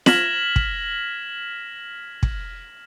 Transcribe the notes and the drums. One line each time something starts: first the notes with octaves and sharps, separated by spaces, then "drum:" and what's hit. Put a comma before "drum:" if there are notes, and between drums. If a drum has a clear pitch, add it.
F6 G#6 A#6 B6 E7 F#7, drum: snare
drum: kick
drum: kick